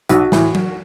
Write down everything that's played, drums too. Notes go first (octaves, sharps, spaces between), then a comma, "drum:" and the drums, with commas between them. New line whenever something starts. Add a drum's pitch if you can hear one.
B1 F#4, drum: hi-hat
A2 E3, drum: snare
drum: tom F#3